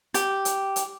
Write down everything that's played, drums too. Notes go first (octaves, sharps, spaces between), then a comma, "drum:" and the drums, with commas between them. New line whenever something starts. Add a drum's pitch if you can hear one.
G4, drum: hi-hat
drum: hi-hat
drum: hi-hat